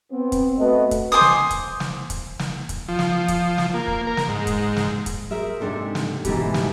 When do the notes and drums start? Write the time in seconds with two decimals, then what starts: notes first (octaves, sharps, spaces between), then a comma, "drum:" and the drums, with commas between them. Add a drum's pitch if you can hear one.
0.12 B3 C4
0.32 drum: kick, hi-hat
0.58 A3 B3 F#4 A4 B4 D#5
0.91 drum: kick, hi-hat
1.12 C5 G#5 D6 D#6
1.21 drum: snare
1.51 drum: kick, hi-hat
1.80 drum: snare
2.10 drum: kick, hi-hat
2.39 drum: snare
2.69 drum: kick, hi-hat
2.88 F3
2.99 drum: snare
3.28 drum: kick, hi-hat
3.58 drum: snare
3.74 A#3
3.88 drum: kick
4.07 A#4
4.17 drum: snare
4.29 G#2
4.47 drum: kick, hi-hat
4.76 drum: snare
5.06 drum: kick, hi-hat
5.31 G#4 A#4 C5 E5
5.60 G#2 C3 F3 D4 A4 C5
5.95 drum: snare
6.25 G#2 B2 E3 A3 E4 G4, drum: kick, hi-hat
6.54 drum: snare